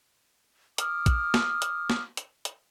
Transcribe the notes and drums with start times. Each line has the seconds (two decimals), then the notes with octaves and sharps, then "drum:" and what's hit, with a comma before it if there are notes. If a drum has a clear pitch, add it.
0.78 D6 D#6 F6, drum: hi-hat
1.06 drum: kick, hi-hat
1.34 drum: snare
1.62 drum: hi-hat
1.90 drum: snare
2.17 drum: hi-hat
2.45 drum: hi-hat